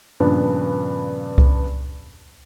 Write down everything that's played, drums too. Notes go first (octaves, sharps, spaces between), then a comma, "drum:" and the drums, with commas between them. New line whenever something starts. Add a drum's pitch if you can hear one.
G2 A#2 C#3 F3 B3 D4
drum: kick C2